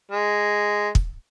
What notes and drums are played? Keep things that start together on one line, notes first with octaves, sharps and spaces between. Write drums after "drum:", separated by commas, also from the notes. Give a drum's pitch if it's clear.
G#3
drum: kick